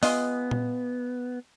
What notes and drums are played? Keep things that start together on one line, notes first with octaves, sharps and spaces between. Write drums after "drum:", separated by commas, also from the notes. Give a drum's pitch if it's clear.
G#3 B3 F4 D#5, drum: open hi-hat
drum: tom A#2